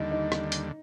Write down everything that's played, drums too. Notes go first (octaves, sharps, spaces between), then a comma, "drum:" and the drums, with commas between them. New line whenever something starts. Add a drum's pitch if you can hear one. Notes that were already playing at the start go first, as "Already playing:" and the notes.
Already playing: D#2 D3 G3 D#4
D#4
drum: rim click
drum: hi-hat